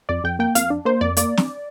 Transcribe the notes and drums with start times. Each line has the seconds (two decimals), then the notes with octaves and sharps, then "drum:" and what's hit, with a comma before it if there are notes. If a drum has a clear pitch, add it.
0.09 F2 D5
0.24 F2 G5
0.39 A#3 G5
0.55 F2 F5, drum: hi-hat
0.70 D4
0.85 A#3 C5
1.01 F2 D5
1.17 A#3 D5, drum: hi-hat
1.37 drum: snare